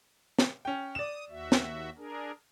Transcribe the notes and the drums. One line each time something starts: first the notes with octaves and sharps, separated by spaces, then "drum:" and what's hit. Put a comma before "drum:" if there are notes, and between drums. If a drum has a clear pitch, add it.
drum: snare
C#4 G5
D5 D#6 E7
D#2 F#4 E5
drum: snare
D4 G#4 A#4